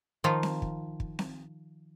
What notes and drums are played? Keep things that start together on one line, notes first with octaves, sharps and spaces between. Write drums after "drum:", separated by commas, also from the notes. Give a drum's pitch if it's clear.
D#3 F3 D#4 F4
drum: snare C4
drum: kick
drum: kick
drum: snare C4